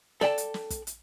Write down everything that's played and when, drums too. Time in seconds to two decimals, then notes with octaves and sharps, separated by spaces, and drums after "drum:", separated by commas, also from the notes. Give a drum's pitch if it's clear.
0.21 A4 D5 G5 A5, drum: snare
0.38 drum: hi-hat
0.54 drum: snare
0.70 drum: kick, hi-hat
0.87 drum: hi-hat